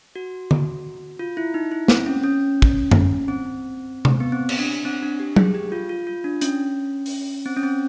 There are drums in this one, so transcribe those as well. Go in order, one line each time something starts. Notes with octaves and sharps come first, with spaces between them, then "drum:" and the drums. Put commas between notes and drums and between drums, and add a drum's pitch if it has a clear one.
F#4
drum: tom D3
F4
E4
D#4
E4
C4, drum: snare
C#4
C#4
drum: kick
drum: tom F#2
C4
drum: tom C3
B3
C4
drum: cymbal
D4
C4
D4
G4
G#4, drum: tom F#3
G4
F4
F4
F4
D4
C#4, drum: hi-hat
drum: open hi-hat
C4
C#4
C4